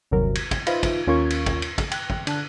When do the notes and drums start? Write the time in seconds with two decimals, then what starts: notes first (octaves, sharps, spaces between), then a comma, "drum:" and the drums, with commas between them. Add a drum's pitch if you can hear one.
0.11 G1 D#2 C3 F#3 A#4
0.35 G#6, drum: cymbal
0.51 drum: kick, cymbal
0.67 D#4 F4 B4 C5 E5, drum: cymbal
0.83 drum: kick, cymbal
1.07 D#2 C#4 F4 A#4 C#6 G#6
1.30 drum: cymbal
1.46 drum: kick, cymbal
1.62 drum: cymbal
1.78 drum: kick, cymbal
1.92 G5 F#6, drum: cymbal
2.10 drum: kick
2.27 D3 A5 F#6, drum: cymbal